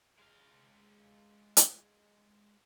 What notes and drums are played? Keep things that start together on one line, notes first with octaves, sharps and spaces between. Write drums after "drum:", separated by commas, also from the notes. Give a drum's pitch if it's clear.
G#3 F5
drum: hi-hat